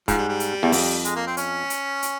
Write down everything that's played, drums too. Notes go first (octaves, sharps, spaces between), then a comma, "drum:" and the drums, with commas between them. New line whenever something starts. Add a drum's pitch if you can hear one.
G#2 F3, drum: kick, hi-hat
G3
G3
drum: hi-hat
E2
F2, drum: open hi-hat
G#3, drum: hi-hat
A#3
C4
C#4, drum: hi-hat
drum: hi-hat
drum: hi-hat